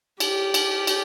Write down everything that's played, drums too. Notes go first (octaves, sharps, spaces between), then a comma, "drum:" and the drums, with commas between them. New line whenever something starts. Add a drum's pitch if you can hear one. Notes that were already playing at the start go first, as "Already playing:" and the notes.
G4, drum: cymbal
drum: cymbal
drum: cymbal